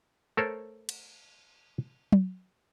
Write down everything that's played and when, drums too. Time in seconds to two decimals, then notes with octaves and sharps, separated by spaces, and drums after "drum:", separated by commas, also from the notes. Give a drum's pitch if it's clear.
0.37 A3 A4 A#4 C5 C#5
0.89 drum: cymbal
2.12 drum: tom F#3